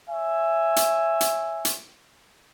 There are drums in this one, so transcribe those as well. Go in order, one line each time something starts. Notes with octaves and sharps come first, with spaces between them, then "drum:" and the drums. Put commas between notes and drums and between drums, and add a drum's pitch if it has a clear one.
C#5 E5 G#5
drum: hi-hat
drum: hi-hat
drum: hi-hat